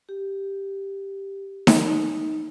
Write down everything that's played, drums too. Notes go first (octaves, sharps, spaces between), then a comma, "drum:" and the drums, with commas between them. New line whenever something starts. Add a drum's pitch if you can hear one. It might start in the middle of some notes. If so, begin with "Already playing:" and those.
G4
drum: snare D#4
D#4